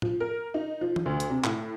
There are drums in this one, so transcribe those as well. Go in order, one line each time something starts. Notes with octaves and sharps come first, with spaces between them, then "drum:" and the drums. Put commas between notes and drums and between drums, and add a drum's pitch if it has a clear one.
F3, drum: tom A2
A#4
D#4
F3
drum: tom
D2
drum: hi-hat
C3
A2, drum: clap